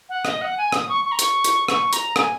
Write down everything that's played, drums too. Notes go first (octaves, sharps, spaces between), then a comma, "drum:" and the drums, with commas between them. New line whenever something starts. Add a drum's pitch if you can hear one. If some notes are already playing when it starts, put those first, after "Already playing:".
F#5
D#5, drum: rim click
F#5
G#5
D#6, drum: rim click
C#6
C#6
A#5
C#6, drum: hi-hat
drum: hi-hat
C#6, drum: rim click
A#5, drum: hi-hat
G#5, drum: rim click